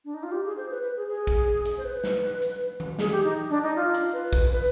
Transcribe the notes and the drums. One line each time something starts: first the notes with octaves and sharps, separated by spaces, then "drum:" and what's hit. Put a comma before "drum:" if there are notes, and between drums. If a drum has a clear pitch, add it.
D4
D#4
F4
G4
G#4
C5
B4
B4
G#4
G#4
drum: kick, hi-hat
drum: hi-hat
C5
B4
drum: snare
drum: hi-hat
drum: tom E3
G#4, drum: snare
G4
D#4
D4
D#4
F4
drum: hi-hat
B4
drum: kick, hi-hat
B4